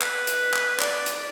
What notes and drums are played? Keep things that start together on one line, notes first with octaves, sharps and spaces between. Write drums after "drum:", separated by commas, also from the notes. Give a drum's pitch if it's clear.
B4, drum: clap
drum: hi-hat
drum: clap
D5, drum: clap
drum: hi-hat